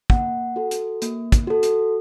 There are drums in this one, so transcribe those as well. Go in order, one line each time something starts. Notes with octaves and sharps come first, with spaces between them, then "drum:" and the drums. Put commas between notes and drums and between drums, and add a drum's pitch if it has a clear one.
A#3 F#5, drum: kick
F#4 A4
drum: hi-hat
A#3, drum: hi-hat
drum: kick, hi-hat
F#4 A4
drum: hi-hat